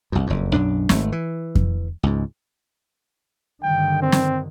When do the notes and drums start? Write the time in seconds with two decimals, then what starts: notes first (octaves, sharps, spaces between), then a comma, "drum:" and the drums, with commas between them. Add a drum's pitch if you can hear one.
0.12 C2 F#2
0.27 F#1 F2
0.53 B1 F#2 D4
0.89 G#1 A3, drum: snare
1.12 E3
1.55 drum: kick F2
2.03 C#2 G#2
3.63 G2 D3 D#3 G5
4.02 C4
4.12 drum: snare